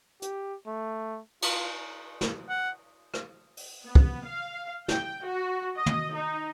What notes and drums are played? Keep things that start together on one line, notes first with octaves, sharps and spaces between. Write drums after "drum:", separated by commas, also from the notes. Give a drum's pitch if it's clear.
G4, drum: hi-hat
A3
F4, drum: cymbal
drum: snare
F#5
drum: rim click
drum: open hi-hat
B3
drum: kick
F5
G5, drum: snare
F#4
D#5
drum: tom
D#4